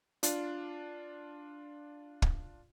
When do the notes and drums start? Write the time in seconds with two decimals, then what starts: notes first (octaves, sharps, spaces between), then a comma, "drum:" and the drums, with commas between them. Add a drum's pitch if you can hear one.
0.23 D4 F4, drum: hi-hat
2.22 drum: kick